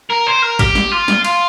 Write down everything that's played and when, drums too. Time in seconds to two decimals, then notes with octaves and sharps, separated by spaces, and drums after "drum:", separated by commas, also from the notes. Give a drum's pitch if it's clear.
0.10 A#4
0.27 C5
0.42 A#4
0.59 G4, drum: kick, cymbal
0.75 drum: snare
0.91 F4
1.08 drum: snare
1.25 F4, drum: cymbal